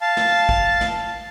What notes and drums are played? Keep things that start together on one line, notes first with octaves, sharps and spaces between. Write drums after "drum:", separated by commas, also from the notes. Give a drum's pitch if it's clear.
F5 A5
drum: snare
drum: kick
drum: snare